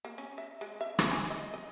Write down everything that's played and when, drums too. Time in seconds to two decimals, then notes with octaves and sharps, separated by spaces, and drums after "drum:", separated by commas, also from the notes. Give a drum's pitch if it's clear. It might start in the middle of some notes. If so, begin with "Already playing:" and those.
0.05 A#3
0.18 C#4
0.38 E5
0.61 G#3
0.81 E5
0.99 B3, drum: rim click
1.11 G#5
1.30 D#5
1.54 D#5